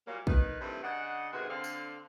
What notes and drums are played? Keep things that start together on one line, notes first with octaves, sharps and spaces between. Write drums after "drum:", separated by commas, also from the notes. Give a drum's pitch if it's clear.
A#2 F#3 G3 A#3
D#3 B4, drum: kick
G2 C3 E3 A3 A#3 B4
C#3 D4 D#5 F#5
D#2 G#2 C3 F#4 G#4 B4
D3 C4 F5
drum: tambourine